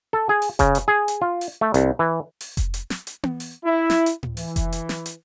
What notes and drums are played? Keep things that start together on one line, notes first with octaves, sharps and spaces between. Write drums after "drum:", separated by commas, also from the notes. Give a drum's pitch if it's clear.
A4
G#4
drum: open hi-hat
C#3, drum: kick F1, hi-hat
drum: hi-hat
G#4
drum: hi-hat
F4
drum: open hi-hat
A3
C2, drum: hi-hat
E3
drum: open hi-hat
drum: kick F1, hi-hat
drum: hi-hat
drum: snare
drum: hi-hat
drum: tom B3
drum: open hi-hat
E4
drum: snare
drum: hi-hat
drum: tom A2
E3, drum: open hi-hat
drum: kick F1, hi-hat
drum: hi-hat
drum: snare
drum: hi-hat